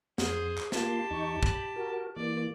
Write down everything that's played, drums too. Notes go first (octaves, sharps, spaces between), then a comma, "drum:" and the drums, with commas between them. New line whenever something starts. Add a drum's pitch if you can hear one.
F2 G#4 C5, drum: snare
drum: clap
A#3 F4 G4 A5 C6, drum: snare
E2 D#4 C#6
B5, drum: kick
F#4 A#4
E3 A#3 D5